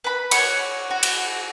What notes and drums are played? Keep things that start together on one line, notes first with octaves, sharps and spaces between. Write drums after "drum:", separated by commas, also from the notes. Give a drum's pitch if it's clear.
B4 B5
C#5 F#5 C#6, drum: cymbal
F#4
drum: cymbal